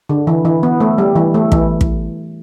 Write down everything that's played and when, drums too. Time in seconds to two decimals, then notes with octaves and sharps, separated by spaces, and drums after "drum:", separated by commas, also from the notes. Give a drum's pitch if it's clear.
0.09 D3
0.27 E3
0.45 E3
0.63 B3
0.80 A3
0.98 G3
1.16 E3
1.34 A3
1.52 E3, drum: kick
1.81 drum: kick